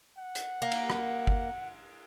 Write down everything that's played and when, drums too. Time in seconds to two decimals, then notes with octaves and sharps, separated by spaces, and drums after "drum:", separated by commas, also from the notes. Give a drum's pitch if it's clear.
0.18 F#5
0.35 drum: hi-hat
0.62 A#3
0.72 drum: cymbal
0.90 drum: rim click
1.27 drum: kick